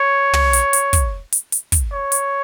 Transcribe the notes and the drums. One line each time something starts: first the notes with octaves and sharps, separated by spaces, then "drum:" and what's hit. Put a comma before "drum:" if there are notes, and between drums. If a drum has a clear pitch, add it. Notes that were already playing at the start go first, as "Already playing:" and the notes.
Already playing: C#5
drum: tom
drum: hi-hat
drum: hi-hat
drum: kick, hi-hat
drum: hi-hat
drum: hi-hat
drum: kick, hi-hat
C#5
drum: hi-hat